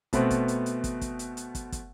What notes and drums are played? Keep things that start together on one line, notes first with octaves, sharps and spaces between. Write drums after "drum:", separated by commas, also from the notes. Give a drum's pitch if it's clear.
B2 A3 B3 C4, drum: kick, hi-hat
drum: kick, hi-hat
drum: hi-hat
drum: hi-hat
drum: kick, hi-hat
drum: kick, hi-hat
drum: hi-hat
drum: hi-hat
drum: kick, hi-hat
drum: kick, hi-hat